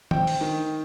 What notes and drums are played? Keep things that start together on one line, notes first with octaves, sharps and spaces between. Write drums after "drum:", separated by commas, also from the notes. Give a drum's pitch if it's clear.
C4 G5, drum: tom
drum: open hi-hat
D#3